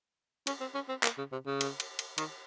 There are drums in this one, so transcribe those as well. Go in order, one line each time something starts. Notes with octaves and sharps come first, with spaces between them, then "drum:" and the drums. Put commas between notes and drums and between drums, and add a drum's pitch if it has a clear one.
C#4, drum: cymbal
C4
C#4
C4
A#3, drum: clap
C#3
C3
C#3
drum: cymbal
drum: cymbal
drum: cymbal
D#3, drum: cymbal